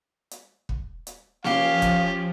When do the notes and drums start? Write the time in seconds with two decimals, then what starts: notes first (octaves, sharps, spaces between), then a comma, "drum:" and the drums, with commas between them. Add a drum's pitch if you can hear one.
0.31 drum: hi-hat
0.69 drum: kick
1.07 drum: hi-hat
1.44 F3 C#4 G4 F5, drum: snare A#3
1.82 drum: kick, hi-hat